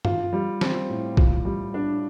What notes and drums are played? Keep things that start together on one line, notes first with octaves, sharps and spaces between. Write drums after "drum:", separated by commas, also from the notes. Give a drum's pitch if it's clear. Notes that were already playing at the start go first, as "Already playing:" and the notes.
F4, drum: tom G2
G3
C4, drum: snare
A2
F4, drum: kick
G3
D4